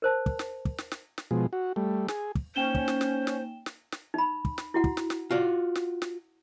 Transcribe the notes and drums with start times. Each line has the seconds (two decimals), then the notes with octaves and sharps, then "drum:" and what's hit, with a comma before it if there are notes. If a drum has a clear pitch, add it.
0.02 A#4 C5 A5
0.26 drum: kick
0.39 drum: snare
0.65 drum: kick
0.78 drum: snare
0.92 drum: snare
1.18 drum: snare
1.31 B2 F3 G#3
1.53 F#4
1.76 G3 A3
2.08 G#4, drum: snare
2.35 drum: kick
2.56 A#3 C#4 D#4 C5 G5 E7 G7
2.75 drum: kick
2.88 drum: snare
3.01 drum: snare
3.27 drum: snare
3.66 drum: snare
3.92 drum: snare
4.14 D#4 B5
4.45 drum: kick
4.58 drum: snare
4.74 E4 F#4 F#5
4.84 drum: kick
4.97 drum: snare
5.10 drum: snare
5.31 F4 F#4 D5 F#5
5.75 drum: snare
6.02 drum: snare